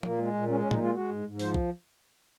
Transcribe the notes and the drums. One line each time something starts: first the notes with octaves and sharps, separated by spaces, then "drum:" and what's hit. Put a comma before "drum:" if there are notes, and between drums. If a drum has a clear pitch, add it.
A#2 A#3, drum: tom
G#3
A#2
G#3 C#4
C#4
A#2
D#4, drum: tom A2
G#3 F4
G#3 F#4
G#2
G#2
F3 C5, drum: open hi-hat
drum: kick